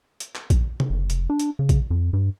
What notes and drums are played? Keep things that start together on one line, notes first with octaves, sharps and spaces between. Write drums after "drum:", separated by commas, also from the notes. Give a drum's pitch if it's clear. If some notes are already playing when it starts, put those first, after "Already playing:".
drum: hi-hat
drum: clap
drum: kick, hi-hat
drum: tom C3
F#1
F1, drum: hi-hat
D4
drum: hi-hat
C#3
drum: kick, hi-hat
F2
G2